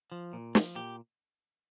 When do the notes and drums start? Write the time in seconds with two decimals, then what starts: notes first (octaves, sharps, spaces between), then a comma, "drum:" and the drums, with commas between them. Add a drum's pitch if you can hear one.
0.12 F3
0.33 A#2
0.55 F3, drum: snare
0.75 A#2 G4